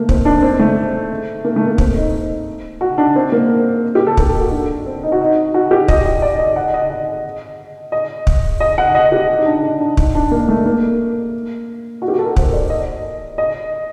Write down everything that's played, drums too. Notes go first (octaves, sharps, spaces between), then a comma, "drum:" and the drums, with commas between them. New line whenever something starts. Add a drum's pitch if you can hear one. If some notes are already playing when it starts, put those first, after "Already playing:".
Already playing: A3 A#3
C4, drum: kick
D4
C4
A3
A#3
A3
A#3
C4, drum: kick
D#4
F#4
D4
C4
A#3
G4
A4
A#4, drum: kick
A4
F#4
D4
C4
D#4
F#4
D#4
F#4
G4
D#5, drum: kick
D#5
D5
D#5
F#5
D#5
D#5
D#5
drum: kick
D#5
F#5
D#5
G4
D#4
D4
D4
D4
D#4, drum: kick
D4
A#3
A3
A#3
F#4
G4
F#4
A4
A#4
C5, drum: kick
D5
D#5
D#5